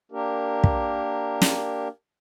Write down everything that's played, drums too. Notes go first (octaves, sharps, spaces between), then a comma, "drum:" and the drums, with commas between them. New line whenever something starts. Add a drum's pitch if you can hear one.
A#3 D4 G4 A#4
drum: kick
drum: snare